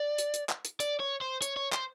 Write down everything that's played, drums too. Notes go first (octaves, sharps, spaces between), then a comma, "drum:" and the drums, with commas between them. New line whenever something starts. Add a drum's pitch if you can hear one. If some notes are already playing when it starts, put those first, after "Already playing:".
Already playing: D5
drum: hi-hat
drum: hi-hat
drum: clap
drum: hi-hat
D5, drum: hi-hat
C#5
C5
C#5, drum: hi-hat
C#5
C5, drum: clap